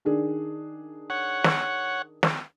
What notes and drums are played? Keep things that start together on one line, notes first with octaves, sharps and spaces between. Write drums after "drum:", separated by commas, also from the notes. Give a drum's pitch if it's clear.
D#3 D4 G#4
C#5 F#5
drum: snare
drum: snare